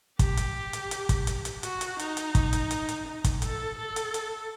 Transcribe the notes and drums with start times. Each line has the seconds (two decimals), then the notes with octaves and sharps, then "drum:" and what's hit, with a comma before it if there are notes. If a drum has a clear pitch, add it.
0.19 G4, drum: kick, hi-hat
0.37 drum: hi-hat
0.73 drum: hi-hat
0.91 drum: hi-hat
1.09 drum: kick, hi-hat
1.27 drum: hi-hat
1.45 drum: hi-hat
1.63 F#4, drum: hi-hat
1.81 drum: hi-hat
1.99 D#4, drum: hi-hat
2.17 drum: hi-hat
2.35 drum: kick, hi-hat
2.53 drum: hi-hat
2.71 drum: hi-hat
2.89 drum: hi-hat
3.07 D#4
3.24 drum: kick, hi-hat
3.42 A4, drum: hi-hat
3.78 A4
3.96 drum: hi-hat
4.14 drum: hi-hat